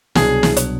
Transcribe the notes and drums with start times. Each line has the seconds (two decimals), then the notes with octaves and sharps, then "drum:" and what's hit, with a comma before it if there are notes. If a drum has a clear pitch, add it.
0.15 C2 B2 F#3 B3 D4 G#4, drum: snare
0.43 drum: snare
0.57 drum: hi-hat